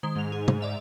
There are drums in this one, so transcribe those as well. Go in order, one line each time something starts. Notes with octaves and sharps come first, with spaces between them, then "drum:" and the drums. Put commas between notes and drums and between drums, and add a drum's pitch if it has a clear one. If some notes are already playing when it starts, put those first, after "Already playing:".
D#3 G#3 C5
G#2 G#3 F7
G#4
drum: tom C3
D5 E5 F7